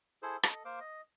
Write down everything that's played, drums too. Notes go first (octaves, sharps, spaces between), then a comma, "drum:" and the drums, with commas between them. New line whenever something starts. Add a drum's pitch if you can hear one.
E4 G#4 A4 C5
A4 D#5, drum: rim click
A#3 C5 F5 D6
D#5